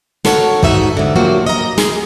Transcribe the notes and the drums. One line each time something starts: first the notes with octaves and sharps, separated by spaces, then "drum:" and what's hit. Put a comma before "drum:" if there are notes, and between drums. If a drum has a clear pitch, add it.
F#4 A4 A#4 C#5 E5 F#5, drum: snare
G#2 D#4 F#4 E5, drum: kick
G#2 D3
F3 F#3 A#3 F#4 G4
D#5 A#5
G#4, drum: snare